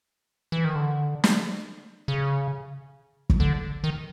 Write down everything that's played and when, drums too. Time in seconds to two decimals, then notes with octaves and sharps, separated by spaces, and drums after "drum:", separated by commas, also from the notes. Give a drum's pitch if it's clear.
0.52 E3
0.64 D#3
0.75 D3
1.24 drum: snare
2.08 C#3
3.30 drum: kick
3.40 D3
3.84 D#3